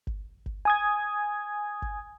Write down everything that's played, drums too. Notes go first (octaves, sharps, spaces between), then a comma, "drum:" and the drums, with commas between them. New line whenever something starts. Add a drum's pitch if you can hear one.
drum: kick G#1
drum: kick G#1
G#5 D#6 G#6
drum: kick G#1